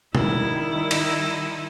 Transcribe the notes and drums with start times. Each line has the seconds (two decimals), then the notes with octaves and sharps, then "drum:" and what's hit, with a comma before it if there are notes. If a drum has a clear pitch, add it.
0.15 D#3 G3 E4, drum: tom B2
0.91 drum: cymbal